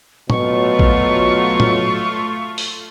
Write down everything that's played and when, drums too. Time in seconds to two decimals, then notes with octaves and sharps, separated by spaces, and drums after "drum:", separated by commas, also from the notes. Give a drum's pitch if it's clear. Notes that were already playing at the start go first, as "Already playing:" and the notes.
0.30 B2 F#3 A3 F4 C#6, drum: tom
0.79 drum: kick
1.60 drum: tom
2.58 drum: open hi-hat